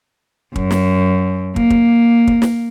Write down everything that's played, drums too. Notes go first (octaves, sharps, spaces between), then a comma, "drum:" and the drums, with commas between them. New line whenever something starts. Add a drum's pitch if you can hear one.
F#2, drum: kick
drum: snare
A#3, drum: kick
drum: kick
drum: kick
drum: snare